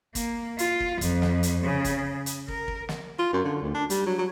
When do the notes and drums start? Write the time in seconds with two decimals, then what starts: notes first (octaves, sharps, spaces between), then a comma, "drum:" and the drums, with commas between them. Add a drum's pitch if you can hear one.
0.15 A#3, drum: kick, hi-hat
0.59 F4, drum: hi-hat
0.80 drum: kick
1.01 F2, drum: kick, hi-hat
1.22 drum: snare
1.43 drum: hi-hat
1.63 C#3
1.84 drum: kick, hi-hat
2.26 drum: hi-hat
2.48 A#4, drum: kick
2.68 drum: kick
2.89 drum: snare
3.19 F4
3.33 F#2
3.45 D3
3.62 D2
3.74 D4
3.90 G3, drum: hi-hat
4.06 F#3
4.18 F#3